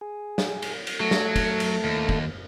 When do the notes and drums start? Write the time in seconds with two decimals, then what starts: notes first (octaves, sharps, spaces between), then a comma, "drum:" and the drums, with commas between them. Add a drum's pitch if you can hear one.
0.01 G#4
0.38 drum: snare
0.62 drum: cymbal
0.87 drum: cymbal
1.00 F#3 A3 A4
1.11 drum: snare
1.36 drum: kick, cymbal
1.60 drum: cymbal
1.84 D#2
2.09 drum: kick